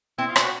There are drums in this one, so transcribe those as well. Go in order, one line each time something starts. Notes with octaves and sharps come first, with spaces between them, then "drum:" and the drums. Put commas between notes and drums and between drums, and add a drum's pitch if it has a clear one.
C4 E4
F4
C#4, drum: rim click
F#4